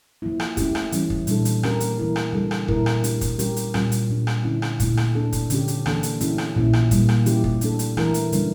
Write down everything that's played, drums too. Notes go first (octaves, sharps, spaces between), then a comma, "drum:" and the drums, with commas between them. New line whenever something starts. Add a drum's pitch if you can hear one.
F3 A#3 E4
drum: rim click
A3 C#4 E4 G4, drum: kick, hi-hat
drum: rim click
E3 G3 C#4 E4, drum: hi-hat
drum: kick
A#2 G3 D4 A4, drum: hi-hat
drum: hi-hat
F3 A#3 C#4 G4 A#4, drum: rim click
drum: hi-hat
E3 A3 E4 A#4
drum: rim click
C#3 G3 D4 A4
drum: rim click
A#2 A3 E4 A#4, drum: kick
drum: rim click
A3 D4 G4, drum: hi-hat
drum: kick, hi-hat
G3 C#4 G4 A#4, drum: hi-hat
drum: hi-hat
A#2 G3 C#4 F4, drum: rim click
drum: hi-hat
A#2 G3 D4
drum: rim click
D3 A3 C#4 E4
drum: rim click
A#2 A3 E4, drum: kick, hi-hat
drum: rim click
A3 D4 A4
drum: kick, hi-hat
D3 F3 C#4 G4, drum: hi-hat
drum: hi-hat
E3 A#3 D4 A4, drum: rim click
drum: hi-hat
E3 A3 C#4 E4 G4, drum: hi-hat
drum: rim click
A#2 F3 C#4 E4, drum: tom A#1
drum: rim click
A#2 G3 A#3, drum: kick, hi-hat
drum: rim click
F3 C#4 E4 G4, drum: hi-hat
drum: kick
A3 D4 A4, drum: hi-hat
drum: hi-hat
E3 A3 E4 A#4, drum: rim click
drum: hi-hat
C#3 G3 A#3 D4, drum: hi-hat